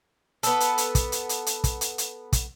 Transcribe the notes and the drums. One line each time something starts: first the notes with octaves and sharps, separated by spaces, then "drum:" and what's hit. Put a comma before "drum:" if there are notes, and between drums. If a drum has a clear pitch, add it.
B3 A4, drum: hi-hat
drum: hi-hat
drum: hi-hat
drum: kick, hi-hat
drum: hi-hat
drum: hi-hat
drum: hi-hat
drum: kick, hi-hat
drum: hi-hat
drum: hi-hat
drum: kick, hi-hat